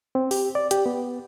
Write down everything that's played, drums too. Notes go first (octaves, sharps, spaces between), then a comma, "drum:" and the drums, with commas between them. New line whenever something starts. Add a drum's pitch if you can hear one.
C4
G4, drum: open hi-hat
D5
G4, drum: hi-hat
B3